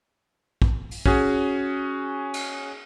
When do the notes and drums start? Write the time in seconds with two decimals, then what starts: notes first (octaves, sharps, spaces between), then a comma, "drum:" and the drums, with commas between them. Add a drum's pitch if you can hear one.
0.62 drum: kick
0.91 drum: open hi-hat
1.06 C#4 F#4 G#4, drum: kick
2.34 drum: cymbal